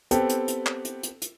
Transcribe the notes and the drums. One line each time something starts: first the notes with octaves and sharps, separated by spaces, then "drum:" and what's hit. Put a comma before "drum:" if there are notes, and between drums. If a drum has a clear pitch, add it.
B3 C4 G4 A4, drum: hi-hat
drum: hi-hat
drum: hi-hat
drum: clap
drum: hi-hat
drum: hi-hat
drum: hi-hat